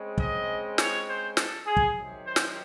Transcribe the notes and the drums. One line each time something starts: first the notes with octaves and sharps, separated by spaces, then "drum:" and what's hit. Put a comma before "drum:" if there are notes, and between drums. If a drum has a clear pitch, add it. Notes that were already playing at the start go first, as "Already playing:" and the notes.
Already playing: C#3 G#3 C4
D#5, drum: kick
C#5, drum: snare
C5
A4, drum: snare
G#4
drum: kick
C3 D#3 F#3
C5
drum: snare